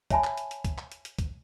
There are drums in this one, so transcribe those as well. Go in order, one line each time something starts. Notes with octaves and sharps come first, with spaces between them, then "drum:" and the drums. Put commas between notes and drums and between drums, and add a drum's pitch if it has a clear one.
C#5 E5 G#5 A5 B5, drum: kick, hi-hat
drum: clap
drum: hi-hat
drum: hi-hat
drum: kick, hi-hat
drum: clap
drum: hi-hat
drum: hi-hat
drum: kick, hi-hat